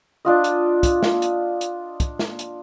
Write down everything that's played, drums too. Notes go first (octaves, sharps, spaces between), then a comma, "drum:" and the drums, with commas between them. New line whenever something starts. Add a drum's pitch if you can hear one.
D4 F4 D#5
drum: hi-hat
drum: kick, hi-hat
drum: snare
drum: hi-hat
drum: hi-hat
drum: kick, hi-hat
drum: snare
drum: hi-hat